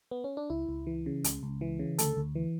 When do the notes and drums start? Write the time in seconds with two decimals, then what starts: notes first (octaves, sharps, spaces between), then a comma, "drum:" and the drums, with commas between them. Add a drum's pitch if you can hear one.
0.11 B3
0.24 C#4
0.37 D4
0.50 C#2 E4
0.69 C#2
0.87 E3
1.06 C#3
1.24 C#2, drum: hi-hat
1.43 C#2
1.61 E3
1.79 C#3
1.99 D2 A4, drum: hi-hat
2.17 D2
2.35 E3